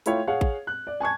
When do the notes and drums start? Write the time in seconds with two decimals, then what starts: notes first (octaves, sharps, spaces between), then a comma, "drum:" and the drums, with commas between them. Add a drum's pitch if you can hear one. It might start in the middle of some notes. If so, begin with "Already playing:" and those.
0.06 A3 E4 F4 C#5 F5 G5, drum: hi-hat
0.27 G#4 C#5 F5 F#5
0.41 drum: kick A1
0.67 F#6
0.87 D5
1.00 G#5 A5 C#6 G#6